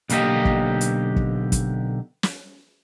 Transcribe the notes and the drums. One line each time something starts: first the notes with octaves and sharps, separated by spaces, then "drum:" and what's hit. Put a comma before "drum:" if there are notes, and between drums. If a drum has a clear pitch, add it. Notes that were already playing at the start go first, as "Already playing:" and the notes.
B1 D3 A#3 G4 D#5, drum: hi-hat
drum: kick
drum: hi-hat
drum: kick
drum: kick, hi-hat
drum: snare